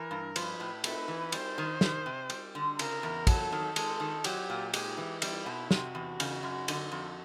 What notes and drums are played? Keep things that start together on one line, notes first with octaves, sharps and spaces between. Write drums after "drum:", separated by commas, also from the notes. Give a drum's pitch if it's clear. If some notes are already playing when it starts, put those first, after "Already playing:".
Already playing: E3 A#4
G2
F3 B4, drum: cymbal
A2
A3 B4, drum: cymbal
E3
G3 C5, drum: cymbal
D#3
D#3, drum: snare
C3
G3, drum: cymbal
D3
C#3 A#4, drum: cymbal
E2
F#3 A4, drum: kick, cymbal
D#3
G#3 A4, drum: cymbal
D#3
F#3 G4, drum: cymbal
A#2
G#3 G4, drum: cymbal
E3
G3 E4, drum: cymbal
B2
C3 F#4, drum: snare
E2
C#3, drum: cymbal
F#2
D3, drum: cymbal
F2